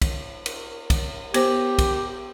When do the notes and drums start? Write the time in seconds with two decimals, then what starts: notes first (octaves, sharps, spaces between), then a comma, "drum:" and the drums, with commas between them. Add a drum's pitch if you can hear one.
0.01 drum: kick, cymbal
0.46 drum: cymbal
0.90 drum: kick, cymbal
1.34 B3 G4 C5, drum: cymbal
1.78 drum: kick, cymbal